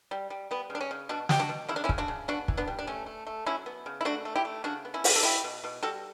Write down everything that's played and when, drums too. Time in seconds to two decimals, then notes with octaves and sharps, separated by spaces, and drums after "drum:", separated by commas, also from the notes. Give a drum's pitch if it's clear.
0.11 G3
0.30 G3
0.51 G3 B3
0.70 C#3
0.75 D4
0.80 C#4
0.91 C#3
1.09 B2 D4 F#4
1.29 B2 G4, drum: snare
1.39 D4 F#4
1.49 B2
1.68 C#3 E4
1.76 D4
1.84 C#4 E4
1.89 C#3, drum: kick
1.98 D4 F#4
2.08 C#3
2.28 B3 D4 F#4
2.48 E3, drum: kick
2.57 B3 D4
2.68 G3
2.79 D4
2.87 A3 C#4
3.06 A3
3.27 A3
3.46 F#3 C#4 E4
3.66 B3
3.86 C#3
4.01 E4
4.05 A3 D4 F#4
4.25 A3
4.36 E4 G4
4.45 A3
4.64 C#3 D4 F#4
4.85 B3
4.94 C#4 E4
5.04 C#3, drum: open hi-hat
5.16 A4
5.23 B2 E4 G4
5.44 B2
5.64 B2
5.83 G3 F#4 A4